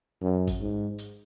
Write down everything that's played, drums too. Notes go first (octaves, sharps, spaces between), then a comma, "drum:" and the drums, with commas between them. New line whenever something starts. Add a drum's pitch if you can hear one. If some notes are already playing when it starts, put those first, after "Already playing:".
F#2
drum: kick G#1, tambourine
G#2
drum: tambourine